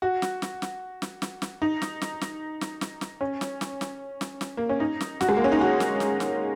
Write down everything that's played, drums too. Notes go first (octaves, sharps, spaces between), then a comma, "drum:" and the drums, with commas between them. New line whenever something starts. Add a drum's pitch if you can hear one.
F#4
drum: snare
drum: snare
drum: snare
drum: snare
drum: snare
drum: snare
D#4
drum: snare
drum: snare
drum: snare
drum: snare
drum: snare
drum: snare
C#4
drum: snare
drum: snare
drum: snare
drum: snare
drum: snare
A#3
C#4
D#4
drum: snare
F#4, drum: snare
G#3
A#3
C#4
D#4
F#4
drum: snare
drum: snare
drum: snare